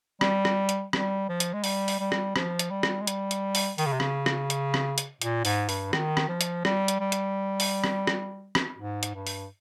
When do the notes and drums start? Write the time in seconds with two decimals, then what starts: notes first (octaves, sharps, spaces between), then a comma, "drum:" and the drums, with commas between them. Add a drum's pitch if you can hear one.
0.21 G3, drum: rim click
0.45 drum: rim click
0.69 drum: hi-hat
0.93 G3, drum: rim click
1.29 F3
1.40 drum: hi-hat
1.54 G#3
1.64 G3, drum: open hi-hat
1.88 drum: open hi-hat
2.00 G3
2.12 drum: rim click
2.36 F3, drum: rim click
2.59 drum: hi-hat
2.71 G3
2.83 drum: rim click
3.02 G#3
3.07 G3, drum: hi-hat
3.31 drum: hi-hat
3.55 drum: open hi-hat
3.78 D#3, drum: open hi-hat
3.86 C#3
3.93 C3
4.00 C#3, drum: rim click
4.26 drum: rim click
4.50 drum: hi-hat
4.74 drum: rim click
4.98 drum: hi-hat
5.22 A#2, drum: hi-hat
5.45 G#2, drum: open hi-hat
5.69 G2, drum: open hi-hat
5.93 D#3, drum: rim click
6.17 drum: rim click
6.29 F3
6.41 drum: hi-hat
6.65 G3, drum: rim click
6.88 drum: hi-hat
7.00 G3
7.12 drum: hi-hat
7.60 drum: open hi-hat
7.84 drum: rim click
8.07 drum: rim click
8.55 drum: rim click
8.78 G#2
9.03 drum: hi-hat
9.15 G2
9.27 drum: open hi-hat